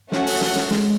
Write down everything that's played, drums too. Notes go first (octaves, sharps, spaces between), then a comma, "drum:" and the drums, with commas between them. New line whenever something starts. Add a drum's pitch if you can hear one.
A3 C#4 F#4 C#5 F#5, drum: snare
drum: open hi-hat
drum: snare
drum: snare
G#3, drum: snare